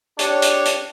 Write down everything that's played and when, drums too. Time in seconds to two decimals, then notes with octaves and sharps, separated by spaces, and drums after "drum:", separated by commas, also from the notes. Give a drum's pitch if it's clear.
0.19 D4 G4 C#5, drum: hi-hat
0.42 drum: hi-hat
0.65 drum: hi-hat